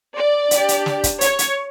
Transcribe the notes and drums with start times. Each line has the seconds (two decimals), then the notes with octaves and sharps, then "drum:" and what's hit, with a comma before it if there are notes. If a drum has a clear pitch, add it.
0.16 D5
0.51 D4 G4, drum: hi-hat
0.68 drum: hi-hat
0.86 drum: snare
1.04 drum: kick, hi-hat
1.21 C#5, drum: hi-hat
1.39 drum: hi-hat